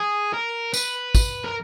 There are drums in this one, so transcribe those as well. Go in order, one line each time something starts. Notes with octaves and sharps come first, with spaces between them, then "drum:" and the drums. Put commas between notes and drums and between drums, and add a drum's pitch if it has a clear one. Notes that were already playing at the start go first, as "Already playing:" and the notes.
Already playing: G#4
A#4
B4, drum: tambourine
drum: kick, tambourine
A#4